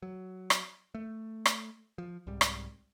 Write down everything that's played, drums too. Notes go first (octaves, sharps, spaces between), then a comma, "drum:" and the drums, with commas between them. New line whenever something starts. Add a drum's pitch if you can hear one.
F#3
drum: rim click
A3
drum: rim click
F3
C2 G#2 G3
drum: rim click